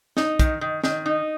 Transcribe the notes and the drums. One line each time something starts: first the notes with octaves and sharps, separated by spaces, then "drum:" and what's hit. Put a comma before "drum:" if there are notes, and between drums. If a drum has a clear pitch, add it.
D#4, drum: snare
D#3, drum: kick, hi-hat
D#3
D#3, drum: snare
D#4